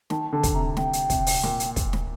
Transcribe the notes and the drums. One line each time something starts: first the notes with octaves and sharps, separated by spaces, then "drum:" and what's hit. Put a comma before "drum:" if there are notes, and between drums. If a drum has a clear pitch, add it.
D#3 A5, drum: snare
D3 A5
drum: kick, hi-hat
C3 A#5
C3 G5, drum: snare
drum: hi-hat
C3, drum: kick, hi-hat
drum: open hi-hat
A#2, drum: snare
drum: hi-hat
drum: kick, hi-hat
drum: snare